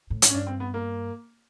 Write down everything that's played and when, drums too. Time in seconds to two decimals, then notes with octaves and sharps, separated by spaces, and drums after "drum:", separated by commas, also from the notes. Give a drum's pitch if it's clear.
0.10 A2
0.22 G#2, drum: hi-hat
0.29 C#4
0.34 G2 D4
0.47 C4
0.60 B3
0.74 A#3